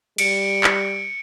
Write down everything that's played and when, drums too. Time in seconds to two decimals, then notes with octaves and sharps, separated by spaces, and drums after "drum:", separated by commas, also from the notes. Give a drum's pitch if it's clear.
0.18 G3 C#7 D7, drum: cymbal
0.64 drum: clap